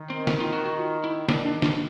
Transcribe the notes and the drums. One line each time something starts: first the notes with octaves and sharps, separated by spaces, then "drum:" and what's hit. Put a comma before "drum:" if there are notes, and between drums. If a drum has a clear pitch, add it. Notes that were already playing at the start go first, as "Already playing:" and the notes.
Already playing: D#3
C4
drum: snare
F4
F#4
F#4
F4
E4
D#3 D4, drum: snare
D4
D4, drum: snare